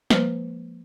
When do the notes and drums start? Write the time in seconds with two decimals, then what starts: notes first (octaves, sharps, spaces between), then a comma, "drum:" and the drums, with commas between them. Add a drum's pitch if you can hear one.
0.10 F3 G#3 A#3 B4 C5 F6, drum: snare